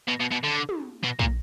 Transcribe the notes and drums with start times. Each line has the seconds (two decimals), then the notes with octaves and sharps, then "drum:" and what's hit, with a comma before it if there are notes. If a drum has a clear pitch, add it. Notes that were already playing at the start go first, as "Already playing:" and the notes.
0.08 B2
0.20 B2
0.32 B2
0.44 D3
0.69 drum: tom
1.04 B2
1.19 A#2, drum: kick